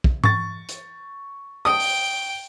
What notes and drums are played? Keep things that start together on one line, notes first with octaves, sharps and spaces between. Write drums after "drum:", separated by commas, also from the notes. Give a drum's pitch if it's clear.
drum: kick
C#6 A6, drum: tom G#2
drum: hi-hat
G5 D#6
drum: open hi-hat